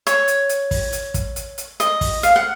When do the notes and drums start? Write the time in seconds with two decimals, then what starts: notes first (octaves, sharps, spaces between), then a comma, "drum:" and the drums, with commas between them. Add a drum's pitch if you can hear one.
0.07 C#5, drum: hi-hat
0.28 drum: hi-hat
0.49 drum: hi-hat
0.71 drum: kick, open hi-hat
0.93 drum: hi-hat
1.14 drum: kick, hi-hat
1.36 drum: hi-hat
1.58 drum: hi-hat
1.80 D#5, drum: hi-hat
2.01 drum: kick, open hi-hat
2.23 F5, drum: hi-hat
2.36 F#5